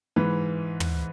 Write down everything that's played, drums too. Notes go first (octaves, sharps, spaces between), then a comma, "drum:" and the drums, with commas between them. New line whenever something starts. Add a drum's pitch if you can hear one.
G#2 E3 B4
drum: tom